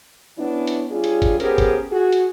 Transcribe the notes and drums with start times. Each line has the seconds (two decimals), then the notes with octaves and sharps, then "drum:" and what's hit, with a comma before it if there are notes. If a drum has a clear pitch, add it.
0.38 E3 B3 C#4 D4 E4
0.67 drum: hi-hat
0.90 G3 C#4 D4 F4 G#4
1.04 drum: hi-hat
1.22 drum: kick, hi-hat
1.40 B3 C#4 G4 G#4 A#4 C5, drum: hi-hat
1.58 drum: kick, hi-hat
1.91 F#4 G#4
2.12 drum: hi-hat